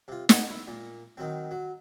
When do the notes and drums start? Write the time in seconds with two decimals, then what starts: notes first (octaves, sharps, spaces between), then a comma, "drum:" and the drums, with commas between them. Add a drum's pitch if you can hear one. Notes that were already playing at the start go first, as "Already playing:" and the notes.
0.08 C3 F4
0.29 G#2 F#5 C6, drum: snare
0.50 E4
0.68 A#2
1.17 D#3 F#3 C4
1.51 F#3